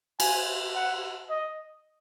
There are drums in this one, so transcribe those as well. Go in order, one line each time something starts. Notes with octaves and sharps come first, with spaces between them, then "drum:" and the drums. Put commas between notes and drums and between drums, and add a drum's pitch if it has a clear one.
G#5, drum: cymbal
F#5
D#5